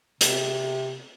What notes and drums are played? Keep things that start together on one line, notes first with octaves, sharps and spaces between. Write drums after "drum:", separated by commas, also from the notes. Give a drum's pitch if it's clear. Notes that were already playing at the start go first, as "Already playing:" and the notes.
C3, drum: hi-hat